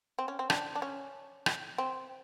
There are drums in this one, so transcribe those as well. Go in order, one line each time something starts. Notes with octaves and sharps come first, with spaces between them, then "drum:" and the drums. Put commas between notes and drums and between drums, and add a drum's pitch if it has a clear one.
C4
C#4
C4
D4, drum: rim click
D4
C#4
drum: rim click
C4